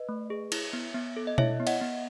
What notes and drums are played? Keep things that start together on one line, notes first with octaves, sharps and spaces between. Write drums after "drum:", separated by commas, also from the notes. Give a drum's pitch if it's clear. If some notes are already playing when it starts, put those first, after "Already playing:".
Already playing: B4 D#5
A3
G#4
E4, drum: cymbal
B3
B3
A4
D#5
E4 C#5 E5, drum: tom B2
B3
D#5 F#5, drum: cymbal
B3